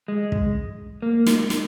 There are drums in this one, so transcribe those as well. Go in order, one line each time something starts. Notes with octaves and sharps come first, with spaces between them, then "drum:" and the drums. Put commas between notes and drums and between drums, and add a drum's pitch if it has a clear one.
G#3
drum: kick
A#3
drum: snare
drum: snare